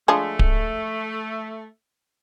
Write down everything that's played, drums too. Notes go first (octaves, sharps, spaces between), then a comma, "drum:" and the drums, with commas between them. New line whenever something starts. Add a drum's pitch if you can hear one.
F3 G#3 A3 D4
drum: kick D1